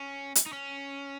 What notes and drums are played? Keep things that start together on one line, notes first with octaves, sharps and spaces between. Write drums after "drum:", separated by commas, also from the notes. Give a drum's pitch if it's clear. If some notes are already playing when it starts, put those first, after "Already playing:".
Already playing: C#4
drum: hi-hat
D#4
C#4